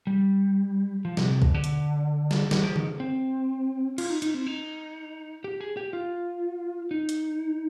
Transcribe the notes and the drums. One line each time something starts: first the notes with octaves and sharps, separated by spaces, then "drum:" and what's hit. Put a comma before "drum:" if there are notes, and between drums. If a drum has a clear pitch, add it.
G3
F3
C3, drum: snare
C3
B2, drum: kick B1
D3
drum: hi-hat
drum: snare
D#3, drum: snare
F3
D#3, drum: tom C#3
C4
F4, drum: cymbal
D#4
D#4, drum: hi-hat
C4
D#4
G4
G#4
G4
F4
D#4
drum: hi-hat